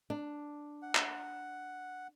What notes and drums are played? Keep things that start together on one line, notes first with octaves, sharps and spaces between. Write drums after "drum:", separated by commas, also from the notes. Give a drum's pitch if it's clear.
D4
F#5
drum: clap